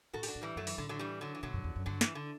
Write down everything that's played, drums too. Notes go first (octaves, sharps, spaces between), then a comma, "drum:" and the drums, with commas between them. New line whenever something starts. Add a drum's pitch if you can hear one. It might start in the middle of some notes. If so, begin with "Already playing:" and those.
A2 F#4 A4
G4, drum: open hi-hat
D4 F#4
A2
E3 G3
F#2 F#3 A3
E3, drum: open hi-hat
A2 D3
D3 F#3
E3 G3
D3 F#3
E3
B2 D3 F#3
F#2
E2
F#2
G2 D3 F#3
E3, drum: snare
D3